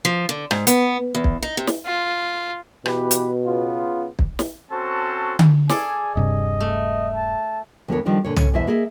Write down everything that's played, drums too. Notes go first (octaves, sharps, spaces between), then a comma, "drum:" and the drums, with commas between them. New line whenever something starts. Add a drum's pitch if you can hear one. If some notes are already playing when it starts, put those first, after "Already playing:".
F3
D3
G#2, drum: rim click
B3, drum: hi-hat
E2
drum: kick
D#4
C3
drum: snare
F4
B2 E3 G4 B4, drum: rim click
drum: hi-hat
C#3 B3 F4
drum: kick
drum: snare
C4 C#4 F#4 A4 C5 A5
drum: tom D3
G#4 A4 D5 G#5, drum: snare
D#1 G2 C3 D#5
A3
A5
D2 F3 B3 A4 A#4 C#5
D#3 F3 G3 D4 D#4
A#2 D3 C#5
C#4, drum: tom
E2 B2 E4 C5 E5
A#3 G#4 D#5 E5